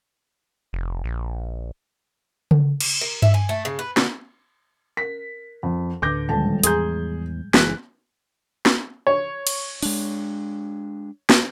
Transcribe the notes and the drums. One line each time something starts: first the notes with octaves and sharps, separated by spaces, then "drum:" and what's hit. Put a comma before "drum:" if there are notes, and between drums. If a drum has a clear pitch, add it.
F1
A#1
drum: tom C#3
drum: cymbal
A#4
E5, drum: tom G2
G#5
A3
C#3
B4
D3, drum: snare
A#4 B6
F2
D2 A2 D3 B4 D6 G6 A#6
D#1 F3 G3 G#3 A5
E2 G#4 G#5 A#5 C6 G6, drum: hi-hat
F#1 E3 G#3 F#6 B6, drum: snare
drum: snare
C#5
drum: cymbal
G#3 D4, drum: open hi-hat
drum: snare